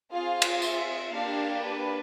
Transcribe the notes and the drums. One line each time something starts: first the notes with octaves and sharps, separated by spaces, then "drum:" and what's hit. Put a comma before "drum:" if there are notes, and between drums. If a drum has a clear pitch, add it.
C4 F4 G#4 F5
drum: cymbal
E5, drum: tambourine
A#3 D4 G4 F5
B4